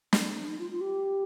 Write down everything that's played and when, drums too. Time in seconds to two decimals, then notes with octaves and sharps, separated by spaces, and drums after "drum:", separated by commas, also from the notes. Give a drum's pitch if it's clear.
0.13 C4, drum: snare
0.42 D4
0.46 D#4
0.58 F4
0.70 F4
0.80 G4